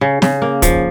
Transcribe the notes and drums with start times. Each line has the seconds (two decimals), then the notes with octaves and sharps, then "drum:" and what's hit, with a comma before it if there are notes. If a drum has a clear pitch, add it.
0.01 C#3
0.22 C#3, drum: snare
0.42 A#3
0.62 F3, drum: kick, hi-hat